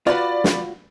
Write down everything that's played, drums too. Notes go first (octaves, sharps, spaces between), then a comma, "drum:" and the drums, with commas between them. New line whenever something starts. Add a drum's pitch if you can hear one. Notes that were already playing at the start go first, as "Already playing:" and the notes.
F4 F#4 B4 D5 B5
drum: snare